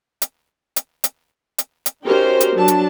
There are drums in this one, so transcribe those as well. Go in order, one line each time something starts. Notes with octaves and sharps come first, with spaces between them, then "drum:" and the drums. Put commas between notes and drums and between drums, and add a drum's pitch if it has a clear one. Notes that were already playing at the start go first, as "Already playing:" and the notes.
drum: hi-hat
drum: hi-hat
drum: hi-hat
drum: hi-hat
drum: hi-hat
C#4 D#4 F#4 G4 A#4 C5
drum: hi-hat
F#3 D4 A5
drum: hi-hat